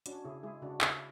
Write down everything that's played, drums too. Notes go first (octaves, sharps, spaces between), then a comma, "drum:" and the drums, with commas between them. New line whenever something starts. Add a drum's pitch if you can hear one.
C#4 D4 F#4, drum: hi-hat
C#3 E4 G#4
G#3 E4 G#4
C#3 D4 F#4
C#3 E4 G#4, drum: clap